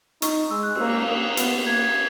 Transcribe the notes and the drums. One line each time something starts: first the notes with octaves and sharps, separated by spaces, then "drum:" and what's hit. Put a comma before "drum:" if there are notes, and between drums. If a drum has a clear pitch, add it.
D#4 C#6, drum: hi-hat
G#3 E6
F#6
A#3 E6, drum: cymbal
A#3 D#6
B3, drum: hi-hat
A#3 G#6